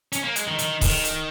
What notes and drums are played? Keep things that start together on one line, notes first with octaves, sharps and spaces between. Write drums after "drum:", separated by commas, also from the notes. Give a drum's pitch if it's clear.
C#4, drum: hi-hat
A#3
G#3, drum: hi-hat
D#3
D#3, drum: hi-hat
D#3, drum: kick, open hi-hat
drum: hi-hat